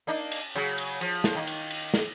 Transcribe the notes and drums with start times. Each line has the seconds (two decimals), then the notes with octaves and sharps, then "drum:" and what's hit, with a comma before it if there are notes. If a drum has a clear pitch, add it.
0.07 A#3 D4 D#4
0.31 drum: cymbal
0.55 C#3 F#3, drum: cymbal
0.78 drum: cymbal
1.01 F3, drum: cymbal
1.24 drum: snare
1.35 D#3 A#3
1.47 drum: cymbal
1.70 drum: cymbal
1.94 drum: snare